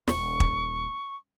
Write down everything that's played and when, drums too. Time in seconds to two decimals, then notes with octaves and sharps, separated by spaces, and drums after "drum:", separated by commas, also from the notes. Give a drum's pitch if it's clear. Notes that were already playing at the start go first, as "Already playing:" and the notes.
0.08 D#1 C#6, drum: snare
0.40 drum: kick